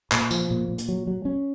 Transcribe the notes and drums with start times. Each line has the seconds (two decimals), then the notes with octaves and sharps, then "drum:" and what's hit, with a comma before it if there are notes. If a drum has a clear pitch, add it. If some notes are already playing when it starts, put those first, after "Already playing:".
0.12 A#2, drum: clap
0.31 F3, drum: tambourine
0.51 A#2
0.69 A#2
0.78 drum: hi-hat
0.88 F#3
1.07 F#3
1.25 C#4